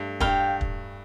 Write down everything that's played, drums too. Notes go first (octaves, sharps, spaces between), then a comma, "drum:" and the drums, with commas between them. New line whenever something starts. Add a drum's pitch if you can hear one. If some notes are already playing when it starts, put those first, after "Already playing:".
Already playing: G2 A3
G2 F5 G5, drum: kick
drum: kick